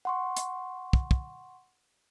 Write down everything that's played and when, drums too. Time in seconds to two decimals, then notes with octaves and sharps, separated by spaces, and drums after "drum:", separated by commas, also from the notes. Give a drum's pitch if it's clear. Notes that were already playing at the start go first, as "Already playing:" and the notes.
0.05 F#5 C6 C#6
0.37 drum: hi-hat
0.93 drum: kick
1.11 drum: kick